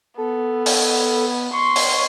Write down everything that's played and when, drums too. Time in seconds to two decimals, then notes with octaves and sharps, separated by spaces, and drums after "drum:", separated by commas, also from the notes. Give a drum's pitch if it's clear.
0.18 B3 A4
0.66 drum: open hi-hat
1.53 C6 C#6
1.76 drum: open hi-hat